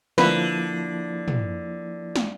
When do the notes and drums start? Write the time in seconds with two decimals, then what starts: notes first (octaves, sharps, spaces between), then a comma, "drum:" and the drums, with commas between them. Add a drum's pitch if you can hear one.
0.18 D3 F3 A#3 E4 B4, drum: snare
1.28 drum: tom
2.16 drum: snare